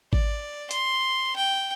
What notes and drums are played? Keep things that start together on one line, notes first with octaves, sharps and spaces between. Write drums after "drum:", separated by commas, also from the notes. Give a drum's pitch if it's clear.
D5, drum: kick G#1
C6, drum: hi-hat
G5